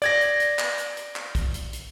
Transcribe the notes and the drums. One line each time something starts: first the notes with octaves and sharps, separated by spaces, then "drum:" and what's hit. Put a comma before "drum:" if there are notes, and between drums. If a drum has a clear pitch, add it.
D5 G#6 A#6, drum: hi-hat
drum: hi-hat
drum: hi-hat
drum: clap
drum: hi-hat
drum: hi-hat
drum: clap
drum: kick, hi-hat
drum: hi-hat
drum: hi-hat